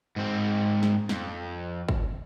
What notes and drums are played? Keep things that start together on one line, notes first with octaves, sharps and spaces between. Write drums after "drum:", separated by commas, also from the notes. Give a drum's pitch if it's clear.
G#2 C4
drum: snare
F2, drum: snare
drum: kick